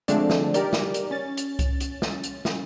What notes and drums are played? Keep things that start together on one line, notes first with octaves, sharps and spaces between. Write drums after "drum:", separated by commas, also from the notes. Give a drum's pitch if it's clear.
D3 F3 G#3 A3 C4 D4, drum: hi-hat
drum: snare
D#4 G4 A#4 D5, drum: hi-hat
drum: snare
drum: hi-hat
C#4 A6
drum: hi-hat
drum: kick C2, hi-hat
drum: hi-hat
drum: snare
drum: hi-hat
drum: snare